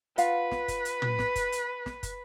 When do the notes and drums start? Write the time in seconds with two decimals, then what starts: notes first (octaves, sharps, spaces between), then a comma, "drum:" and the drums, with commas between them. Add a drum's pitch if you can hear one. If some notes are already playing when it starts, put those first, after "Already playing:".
0.18 F4 B4 F5 F#5, drum: hi-hat
0.51 drum: snare
0.68 drum: kick, hi-hat
0.85 drum: hi-hat
1.02 drum: tom
1.19 drum: snare
1.36 drum: kick, hi-hat
1.52 drum: hi-hat
1.86 drum: snare
2.03 drum: kick, hi-hat